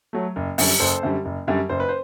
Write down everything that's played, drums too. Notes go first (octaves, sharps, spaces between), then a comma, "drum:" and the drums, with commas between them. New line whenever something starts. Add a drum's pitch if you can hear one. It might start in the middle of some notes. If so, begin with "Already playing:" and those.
F#3 A3
F#1
F#2 D3 G3, drum: open hi-hat
F#1 A4 C5
F#2 D3 G3
F#1
F#2 D3 G3
F#1 C5
B4
C5